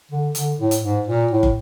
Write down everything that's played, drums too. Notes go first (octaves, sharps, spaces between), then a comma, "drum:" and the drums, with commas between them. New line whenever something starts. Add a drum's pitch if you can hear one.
D3
D3, drum: hi-hat
A2
drum: hi-hat
G#2
A#2
A2
drum: kick